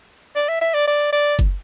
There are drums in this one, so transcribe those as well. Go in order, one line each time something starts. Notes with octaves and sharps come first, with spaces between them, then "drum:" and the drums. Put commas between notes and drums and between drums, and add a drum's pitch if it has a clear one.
D5
E5
E5
D5
D5
D5
drum: kick F#1